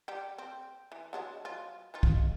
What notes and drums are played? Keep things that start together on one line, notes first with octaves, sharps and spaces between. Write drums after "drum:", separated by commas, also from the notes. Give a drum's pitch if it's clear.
G3 G4
C4
E3
F#3 G#3 D4
F#3 F4
F3 D#4 F4
drum: kick